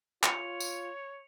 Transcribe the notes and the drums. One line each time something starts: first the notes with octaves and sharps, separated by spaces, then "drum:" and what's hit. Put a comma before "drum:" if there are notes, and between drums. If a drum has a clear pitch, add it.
F4 C#5 C#7 F7, drum: clap
drum: tambourine